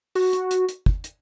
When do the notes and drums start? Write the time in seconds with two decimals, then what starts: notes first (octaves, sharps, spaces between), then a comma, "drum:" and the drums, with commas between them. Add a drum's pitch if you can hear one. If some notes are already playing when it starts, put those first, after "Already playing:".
0.15 F#4, drum: open hi-hat
0.33 drum: hi-hat
0.51 drum: hi-hat
0.69 drum: hi-hat
0.86 drum: kick
1.04 drum: hi-hat